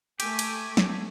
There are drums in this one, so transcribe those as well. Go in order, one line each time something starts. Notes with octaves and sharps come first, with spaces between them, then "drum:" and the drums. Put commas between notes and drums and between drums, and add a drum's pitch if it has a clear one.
A3 G4 G#5, drum: cymbal
drum: cymbal
drum: snare